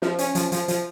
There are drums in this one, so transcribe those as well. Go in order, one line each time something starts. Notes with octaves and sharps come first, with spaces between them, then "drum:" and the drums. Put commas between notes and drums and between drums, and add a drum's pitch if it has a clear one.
F3, drum: snare
C#4, drum: hi-hat
F3, drum: hi-hat
F3, drum: hi-hat
F3, drum: hi-hat